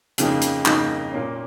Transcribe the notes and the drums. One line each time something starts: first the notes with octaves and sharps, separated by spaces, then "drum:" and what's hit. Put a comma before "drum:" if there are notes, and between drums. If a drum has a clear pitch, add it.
F2 C#3 F3 A#3 D#4, drum: hi-hat
drum: hi-hat
F2 C#3 F3 A#3 D#4, drum: clap
A#2 A#3 C#4